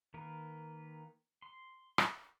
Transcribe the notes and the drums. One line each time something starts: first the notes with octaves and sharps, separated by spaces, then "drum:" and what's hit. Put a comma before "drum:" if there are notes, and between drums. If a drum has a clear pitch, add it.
D#3 A#3 A#4 B4
C6
drum: rim click